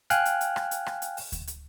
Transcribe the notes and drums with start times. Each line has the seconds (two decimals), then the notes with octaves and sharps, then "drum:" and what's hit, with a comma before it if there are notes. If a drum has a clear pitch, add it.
0.10 F5 G5 G#5 F6 F#6, drum: hi-hat
0.25 drum: hi-hat
0.41 drum: hi-hat
0.56 drum: rim click
0.71 drum: hi-hat
0.86 drum: rim click
1.02 drum: hi-hat
1.17 drum: open hi-hat
1.32 drum: kick D2, hi-hat
1.47 drum: hi-hat